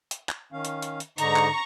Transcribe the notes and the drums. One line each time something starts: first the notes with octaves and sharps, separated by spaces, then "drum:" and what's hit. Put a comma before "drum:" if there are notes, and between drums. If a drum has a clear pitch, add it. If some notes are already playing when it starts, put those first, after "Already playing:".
drum: hi-hat
drum: clap
D#3 C#4 F5
drum: hi-hat
drum: hi-hat
drum: hi-hat
G#2 D3 D#4 A#5 C#6, drum: hi-hat
drum: clap